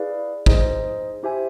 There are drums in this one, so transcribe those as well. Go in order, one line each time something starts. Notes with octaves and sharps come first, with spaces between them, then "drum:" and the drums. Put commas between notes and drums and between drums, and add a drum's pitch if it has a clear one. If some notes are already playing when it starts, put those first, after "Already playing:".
Already playing: E4 G#4 B4 D5 F5
D#4 G#4 C5 D#5, drum: kick
E4 G4 C5 E5 G#5